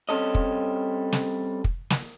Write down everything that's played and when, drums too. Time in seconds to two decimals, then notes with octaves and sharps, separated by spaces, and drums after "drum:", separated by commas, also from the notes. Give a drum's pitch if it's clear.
0.09 G3 C4 C#4 A4 D#5
0.35 drum: kick
1.12 drum: snare
1.64 drum: kick
1.90 drum: snare